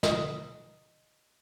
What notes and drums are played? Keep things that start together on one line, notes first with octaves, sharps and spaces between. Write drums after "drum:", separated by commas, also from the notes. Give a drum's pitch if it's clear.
D#5, drum: snare